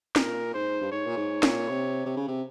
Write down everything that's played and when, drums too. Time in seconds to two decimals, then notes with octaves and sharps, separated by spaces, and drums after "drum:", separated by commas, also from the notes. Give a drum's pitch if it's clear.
0.16 A#2 A#4, drum: snare
0.54 G#2 C5
0.81 G2
0.92 G#2 C#5
1.07 A#2
1.17 G#2
1.43 A#2, drum: snare
1.69 C3
2.06 C3
2.17 C#3
2.28 C3